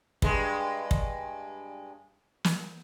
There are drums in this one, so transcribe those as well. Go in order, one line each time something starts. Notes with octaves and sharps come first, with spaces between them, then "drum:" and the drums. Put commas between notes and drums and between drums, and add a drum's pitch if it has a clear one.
G2 G#3, drum: kick
drum: kick
drum: snare